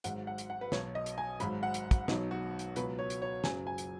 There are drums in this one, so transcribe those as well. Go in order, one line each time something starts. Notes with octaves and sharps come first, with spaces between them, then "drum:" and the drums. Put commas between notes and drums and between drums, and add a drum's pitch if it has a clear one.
G#1 G#2 F#3 F#5, drum: hi-hat
F#5
drum: hi-hat
F#5
B4
B1 B2 F#3 C#5, drum: snare
D#5
drum: hi-hat
G#5
G#1 G#2 F#3 B5, drum: hi-hat
F#5
drum: hi-hat
drum: kick, hi-hat
B1 B2 F#3 D#4, drum: snare
F#4
drum: hi-hat
C#2 B2 F#3 B4, drum: hi-hat
C#5
drum: hi-hat
C#5
F#1 F#2 C#3 F#3 G#5, drum: snare
G#5
drum: hi-hat